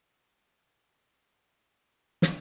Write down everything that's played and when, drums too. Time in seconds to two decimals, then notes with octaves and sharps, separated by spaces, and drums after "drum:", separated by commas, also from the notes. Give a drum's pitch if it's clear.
0.96 A#2 D#6 A#6
1.64 D2 C#3 A#4
2.22 drum: snare